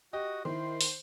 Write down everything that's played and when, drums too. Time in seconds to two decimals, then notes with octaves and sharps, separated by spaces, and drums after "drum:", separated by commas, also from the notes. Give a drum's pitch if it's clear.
0.13 F#4 G4 D#5
0.45 D#3 E4 C5 C6
0.81 drum: open hi-hat